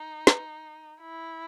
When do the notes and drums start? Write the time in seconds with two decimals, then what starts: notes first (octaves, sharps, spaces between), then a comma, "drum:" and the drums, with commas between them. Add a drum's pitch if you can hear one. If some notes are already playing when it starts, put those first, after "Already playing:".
Already playing: D#4
0.27 drum: snare
1.01 E4